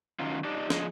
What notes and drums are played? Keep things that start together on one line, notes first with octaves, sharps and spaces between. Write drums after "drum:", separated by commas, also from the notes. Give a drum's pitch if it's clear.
F#2 A#2 D#3 F#3 C#4 F4
D4 D#4 G4 D5 D#5
F3 G#4 D#5, drum: snare